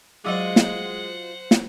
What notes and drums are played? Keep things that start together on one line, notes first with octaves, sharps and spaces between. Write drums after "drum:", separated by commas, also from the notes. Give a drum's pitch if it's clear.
F#3 G#3 F4 F#4 C5 D#5 F#5 D6
drum: snare
drum: snare